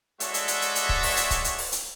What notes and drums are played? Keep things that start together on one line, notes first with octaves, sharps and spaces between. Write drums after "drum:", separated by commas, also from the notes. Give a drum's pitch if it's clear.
G#3 F#4 A4 C#5 D5 E5, drum: hi-hat
drum: hi-hat
drum: hi-hat
drum: hi-hat
drum: hi-hat
drum: kick C#1
drum: open hi-hat
drum: hi-hat
drum: kick C#1, hi-hat
drum: hi-hat
drum: open hi-hat
drum: hi-hat